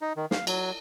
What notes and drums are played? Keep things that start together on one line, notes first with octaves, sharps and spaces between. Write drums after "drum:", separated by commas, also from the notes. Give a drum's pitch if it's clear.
D#4
D#3
F5, drum: snare
F#3, drum: cymbal